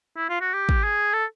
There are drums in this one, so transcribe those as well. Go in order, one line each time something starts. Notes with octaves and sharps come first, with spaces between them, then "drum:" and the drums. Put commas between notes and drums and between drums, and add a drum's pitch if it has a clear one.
E4
F4
F#4
G4
drum: kick
G#4
A4